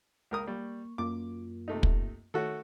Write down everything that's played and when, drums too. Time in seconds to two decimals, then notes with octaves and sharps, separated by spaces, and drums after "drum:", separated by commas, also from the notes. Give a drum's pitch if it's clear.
0.31 C#2 A#4 D#6
0.47 G3 A#3 C#6
0.98 F#2 A#3 F4 D6
1.68 C3 A3 D#4
1.83 drum: kick
2.34 D#3 A3 F#4 A4 C#5